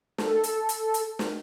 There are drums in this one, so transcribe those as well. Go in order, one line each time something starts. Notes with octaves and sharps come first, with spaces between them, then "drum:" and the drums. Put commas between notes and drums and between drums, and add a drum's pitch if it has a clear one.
A4, drum: snare
drum: hi-hat
drum: hi-hat
drum: hi-hat
drum: snare